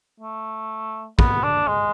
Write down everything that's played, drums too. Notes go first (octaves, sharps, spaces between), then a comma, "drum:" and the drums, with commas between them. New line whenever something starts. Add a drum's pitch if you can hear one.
A3
B3, drum: kick
D4
G#3